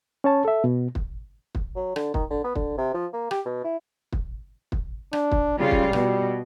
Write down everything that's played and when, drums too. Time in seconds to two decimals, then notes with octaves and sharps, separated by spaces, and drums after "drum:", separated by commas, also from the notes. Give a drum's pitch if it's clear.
0.24 C#4 C#5 A5
0.45 A4 E5
0.64 B2
0.95 drum: kick
1.55 drum: kick
1.76 F#3
1.96 D3, drum: rim click
2.14 D#3, drum: kick
2.30 D3
2.44 B3
2.55 D3, drum: kick
2.78 C3
2.94 F3
3.13 A#3
3.31 G4, drum: rim click
3.46 B2
3.64 E4
4.12 drum: kick
4.72 drum: kick
5.13 D4, drum: rim click
5.32 drum: kick
5.58 C#3 G3 F4
5.71 drum: kick
5.93 B2, drum: rim click